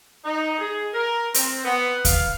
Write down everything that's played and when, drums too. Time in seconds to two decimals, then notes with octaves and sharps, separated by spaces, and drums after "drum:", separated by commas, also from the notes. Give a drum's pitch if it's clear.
0.24 D#4
0.59 G#4
0.93 A#4
1.34 C4, drum: hi-hat
1.65 B3
2.05 F5, drum: kick D#2, hi-hat